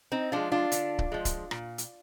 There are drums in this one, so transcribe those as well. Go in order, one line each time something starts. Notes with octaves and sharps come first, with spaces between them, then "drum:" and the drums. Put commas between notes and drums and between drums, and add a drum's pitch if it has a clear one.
C4 D#4
F3 G#3 D4 F4
D4 F4
D3, drum: hi-hat
drum: kick C#1
F3 G#3
drum: kick C#1, hi-hat
A#2, drum: rim click
drum: hi-hat